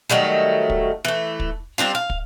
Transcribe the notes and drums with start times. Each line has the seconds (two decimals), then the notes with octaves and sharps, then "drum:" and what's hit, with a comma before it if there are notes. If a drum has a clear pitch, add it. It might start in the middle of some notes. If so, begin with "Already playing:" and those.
0.10 D#3 F#3 G3 A3
0.70 drum: kick
1.05 E3 A3
1.40 drum: kick
1.78 G3 C4 D4 F4
1.95 F5
2.10 drum: kick